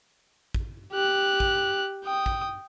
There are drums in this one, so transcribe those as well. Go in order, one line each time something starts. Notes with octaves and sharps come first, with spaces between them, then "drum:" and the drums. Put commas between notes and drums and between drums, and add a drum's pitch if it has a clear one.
drum: kick
G4 F#6
drum: kick
G5 D#6
drum: kick